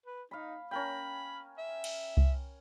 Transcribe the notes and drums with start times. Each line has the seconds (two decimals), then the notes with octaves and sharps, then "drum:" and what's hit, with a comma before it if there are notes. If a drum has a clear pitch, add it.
0.06 B4
0.31 D#4 F5 B5
0.71 C#4 A#4 G5 B5
1.58 E5
1.84 drum: cymbal
2.17 drum: kick C2